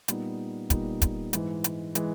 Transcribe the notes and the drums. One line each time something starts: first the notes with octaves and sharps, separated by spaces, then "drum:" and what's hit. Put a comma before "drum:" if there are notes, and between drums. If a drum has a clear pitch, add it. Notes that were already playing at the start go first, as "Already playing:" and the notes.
A#2 G3 B3 D#4, drum: hi-hat
A#2 G3 B3 D#4, drum: kick, hi-hat
drum: kick, hi-hat
G#2 E3 G#3, drum: hi-hat
drum: hi-hat
E3 G#3, drum: hi-hat